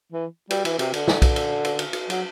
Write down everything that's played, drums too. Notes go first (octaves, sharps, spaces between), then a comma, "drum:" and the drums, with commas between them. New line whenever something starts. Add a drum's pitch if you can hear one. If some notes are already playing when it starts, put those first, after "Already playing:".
E3
G3, drum: cymbal
E3, drum: cymbal
C3, drum: cymbal
D3, drum: cymbal
drum: snare
drum: kick B1, cymbal
drum: cymbal
drum: cymbal
drum: cymbal
drum: cymbal
F#3, drum: cymbal